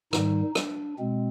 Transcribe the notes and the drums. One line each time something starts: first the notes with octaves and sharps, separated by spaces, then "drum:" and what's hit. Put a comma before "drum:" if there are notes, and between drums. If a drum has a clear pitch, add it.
G#2 D#3 G3 D#4, drum: rim click
D4, drum: rim click
B2 G#3 C4